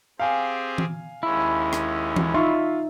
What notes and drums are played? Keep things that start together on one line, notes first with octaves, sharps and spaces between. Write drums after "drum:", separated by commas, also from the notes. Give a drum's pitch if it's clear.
C4 G4 G#4 F5 G#5
drum: tom E3
D#2 G#3 C#4 E4
drum: rim click
drum: tom E3
D#4 F4 E5 C6 C#6